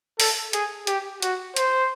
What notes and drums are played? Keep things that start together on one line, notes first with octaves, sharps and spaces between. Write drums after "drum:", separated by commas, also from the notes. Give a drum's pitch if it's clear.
A4, drum: open hi-hat
G#4, drum: hi-hat
G4, drum: hi-hat
F#4, drum: hi-hat
C5, drum: hi-hat